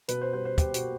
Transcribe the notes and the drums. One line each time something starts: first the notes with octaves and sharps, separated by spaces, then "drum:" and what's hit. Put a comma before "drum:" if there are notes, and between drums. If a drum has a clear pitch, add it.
B2 B4, drum: hi-hat
C5
G3 C5
C5
B2 G4, drum: kick, hi-hat
F#4, drum: hi-hat
A#3